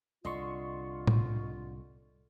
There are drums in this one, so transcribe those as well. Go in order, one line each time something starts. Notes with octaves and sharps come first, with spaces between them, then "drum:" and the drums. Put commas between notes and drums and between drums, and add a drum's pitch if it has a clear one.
C2 D3 F4 D#5 C6 C#6
drum: tom